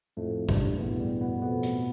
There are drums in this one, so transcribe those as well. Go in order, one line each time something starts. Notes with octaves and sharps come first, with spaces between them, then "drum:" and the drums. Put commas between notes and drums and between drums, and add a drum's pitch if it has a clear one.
F2 A2 A3
G2, drum: kick
E2 B2 B3
G2 G3
B2 B3
F2 B2 B3
A2 A3, drum: hi-hat